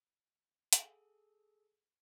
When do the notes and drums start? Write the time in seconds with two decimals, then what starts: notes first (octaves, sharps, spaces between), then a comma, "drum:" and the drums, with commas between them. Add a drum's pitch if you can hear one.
0.73 G#4 A4 F#5 G#5, drum: hi-hat